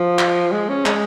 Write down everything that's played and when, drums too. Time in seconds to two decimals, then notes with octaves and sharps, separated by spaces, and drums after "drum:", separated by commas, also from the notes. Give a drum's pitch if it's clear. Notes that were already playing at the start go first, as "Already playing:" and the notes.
Already playing: F3
0.19 drum: clap
0.52 G#3
0.69 C#4
0.86 G#3, drum: clap